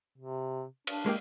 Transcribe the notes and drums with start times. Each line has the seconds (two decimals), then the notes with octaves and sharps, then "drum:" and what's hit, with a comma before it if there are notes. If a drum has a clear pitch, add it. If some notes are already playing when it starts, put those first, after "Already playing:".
0.18 C3
0.87 D4, drum: cymbal
1.06 G#3 A#3 G4